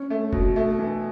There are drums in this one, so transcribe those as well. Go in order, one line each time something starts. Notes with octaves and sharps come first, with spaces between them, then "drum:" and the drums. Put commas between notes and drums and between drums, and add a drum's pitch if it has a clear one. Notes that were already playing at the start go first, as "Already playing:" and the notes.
Already playing: C#4
A3
B2, drum: kick F1
A3
E3